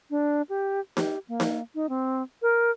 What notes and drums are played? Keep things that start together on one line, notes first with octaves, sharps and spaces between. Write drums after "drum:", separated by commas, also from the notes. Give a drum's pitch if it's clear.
D4
G4
G4, drum: snare D#4
A#3
drum: snare D#4
D#4
C4
A#4